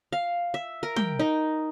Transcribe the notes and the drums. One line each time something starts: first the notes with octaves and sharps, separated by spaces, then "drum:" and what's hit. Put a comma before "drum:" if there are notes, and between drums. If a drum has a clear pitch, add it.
F5
E5
A#4
G5, drum: tom
D#4